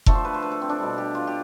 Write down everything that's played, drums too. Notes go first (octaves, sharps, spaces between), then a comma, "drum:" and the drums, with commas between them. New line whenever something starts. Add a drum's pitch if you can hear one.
D3 F3 A3 A4, drum: kick F1
C5
B4
C5
B4
A4
C4
D4
B2 G3
G4
F4
G4